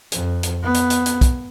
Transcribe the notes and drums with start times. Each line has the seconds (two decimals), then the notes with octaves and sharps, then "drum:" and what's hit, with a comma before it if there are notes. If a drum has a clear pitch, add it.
0.12 F2, drum: hi-hat
0.43 drum: hi-hat
0.63 B3
0.74 drum: hi-hat
0.90 drum: hi-hat
1.06 drum: hi-hat
1.21 drum: kick, hi-hat